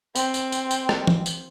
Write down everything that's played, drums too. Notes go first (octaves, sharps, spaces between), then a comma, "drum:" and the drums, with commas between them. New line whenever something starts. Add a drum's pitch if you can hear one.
C4, drum: tambourine
drum: tambourine
drum: tambourine
drum: tambourine
drum: rim click
drum: tom E3
drum: tambourine